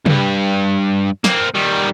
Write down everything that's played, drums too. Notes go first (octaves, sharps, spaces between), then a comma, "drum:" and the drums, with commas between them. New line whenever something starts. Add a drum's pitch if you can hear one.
D2 G2, drum: tom C3
A#3 C4, drum: snare
D#3 G3